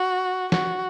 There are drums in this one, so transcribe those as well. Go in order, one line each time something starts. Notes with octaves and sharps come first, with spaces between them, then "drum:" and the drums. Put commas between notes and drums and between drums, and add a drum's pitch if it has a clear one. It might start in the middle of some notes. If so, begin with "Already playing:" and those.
Already playing: F#4
F#4, drum: snare